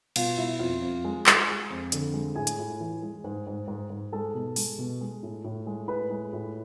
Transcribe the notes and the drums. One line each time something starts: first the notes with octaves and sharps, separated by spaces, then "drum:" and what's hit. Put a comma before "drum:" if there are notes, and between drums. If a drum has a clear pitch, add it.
B2 F4 F5, drum: cymbal
B2 E4 E5
F2 F4 F5
F2
G#3
G#3, drum: clap
G#3
F2
D3, drum: hi-hat
G#3
A2 G#4 G#5
drum: hi-hat
A2
E3
G#3
G#2
G#2
G#2
G#2
G#3 A4 A5
B2
G#3, drum: open hi-hat
B2
G#3
A2
A2
G#3
A2 B4 B5
G#3
A2